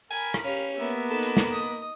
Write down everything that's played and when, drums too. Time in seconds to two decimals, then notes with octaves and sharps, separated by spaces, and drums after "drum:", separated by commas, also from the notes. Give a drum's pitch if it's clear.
0.11 A#4 G#5 B5, drum: open hi-hat
0.34 drum: rim click
0.44 C#4 G4 F5
0.79 A#3 B3 E5 B5
1.10 D#4 A4
1.23 drum: hi-hat
1.37 drum: snare
1.52 D#5 D#6